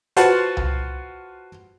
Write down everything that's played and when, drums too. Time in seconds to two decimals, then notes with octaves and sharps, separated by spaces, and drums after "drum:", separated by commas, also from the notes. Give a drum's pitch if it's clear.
0.17 F4 F#4 B4 C5 F#5 A5, drum: hi-hat
0.57 drum: tom C2